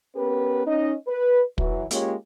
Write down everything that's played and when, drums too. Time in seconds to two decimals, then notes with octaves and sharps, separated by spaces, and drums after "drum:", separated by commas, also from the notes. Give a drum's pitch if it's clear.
0.16 B3 C#4 G4 A#4 B4
0.67 C#4 D#4 D#5
1.08 B4
1.58 E3 F#3, drum: kick
1.91 G#3 A#3 C#4 F4 G4 C#5, drum: hi-hat